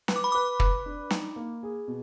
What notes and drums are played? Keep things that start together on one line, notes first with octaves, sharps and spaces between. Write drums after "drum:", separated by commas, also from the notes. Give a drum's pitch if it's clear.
B4, drum: snare
D6
B5
B4 D6
B4, drum: kick
D4
D#4, drum: snare
A#3
G#4
B2